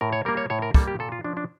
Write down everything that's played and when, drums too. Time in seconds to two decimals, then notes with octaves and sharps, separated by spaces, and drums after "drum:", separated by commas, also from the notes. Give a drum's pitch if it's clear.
0.01 A2 A#4
0.13 C#5
0.25 G3 A#3 A#4
0.37 C#5
0.50 A2 C#5
0.62 A#4
0.74 G3 A#3 A4, drum: kick
0.88 G4
0.99 A#2 A4
1.12 F4
1.24 F3 C#4 D4
1.37 D4